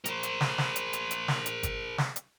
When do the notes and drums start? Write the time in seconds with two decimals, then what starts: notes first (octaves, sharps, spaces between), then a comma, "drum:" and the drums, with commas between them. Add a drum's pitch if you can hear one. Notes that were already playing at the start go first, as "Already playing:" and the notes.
0.06 A#4 C5, drum: hi-hat
0.23 drum: hi-hat
0.41 drum: snare
0.58 drum: snare
0.76 drum: hi-hat
0.93 drum: hi-hat
1.11 drum: hi-hat
1.28 drum: snare
1.46 drum: hi-hat
1.63 drum: kick G1, hi-hat
1.98 drum: snare
2.16 drum: hi-hat